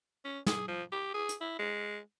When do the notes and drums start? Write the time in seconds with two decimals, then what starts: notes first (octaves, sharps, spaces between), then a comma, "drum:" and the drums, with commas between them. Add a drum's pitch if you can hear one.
0.24 C#4
0.46 G#4, drum: snare
0.68 F3
0.92 G4
1.14 G#4
1.29 drum: hi-hat
1.41 E4
1.59 G#3